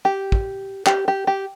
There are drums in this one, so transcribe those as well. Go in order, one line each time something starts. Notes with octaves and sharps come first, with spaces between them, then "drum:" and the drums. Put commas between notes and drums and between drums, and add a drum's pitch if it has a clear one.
G4
drum: kick
G4, drum: clap
G4
G4